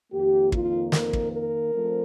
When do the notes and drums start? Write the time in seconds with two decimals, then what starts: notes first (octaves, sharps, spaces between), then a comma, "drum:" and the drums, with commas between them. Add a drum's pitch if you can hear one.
0.13 F2 D#3 A#3 G4
0.52 F4, drum: kick
0.92 A#4, drum: snare
1.13 drum: kick
1.32 A#4
1.71 F3 A3 C4